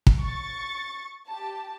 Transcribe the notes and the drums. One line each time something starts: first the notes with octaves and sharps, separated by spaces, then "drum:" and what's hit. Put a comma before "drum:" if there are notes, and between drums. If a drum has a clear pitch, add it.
drum: kick
C#6 A6
G4 A5